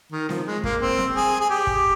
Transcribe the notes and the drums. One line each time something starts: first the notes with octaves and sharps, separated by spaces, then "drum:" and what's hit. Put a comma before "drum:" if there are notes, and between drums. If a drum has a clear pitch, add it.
D#3
F3, drum: snare C4
G#3
A#3, drum: kick
C4
drum: snare C4
G#4
G#4
G4
drum: kick